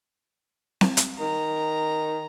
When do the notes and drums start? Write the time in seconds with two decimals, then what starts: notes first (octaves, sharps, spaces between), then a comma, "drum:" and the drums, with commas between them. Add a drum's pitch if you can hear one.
0.81 drum: snare C4
0.97 drum: hi-hat
1.20 D#3 A#5